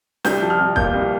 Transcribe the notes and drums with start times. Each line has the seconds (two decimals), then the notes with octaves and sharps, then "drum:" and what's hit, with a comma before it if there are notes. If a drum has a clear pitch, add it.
0.24 C2 G6, drum: snare
0.42 F3
0.50 F6
0.59 C2
0.76 A#2 G6, drum: kick
0.94 C2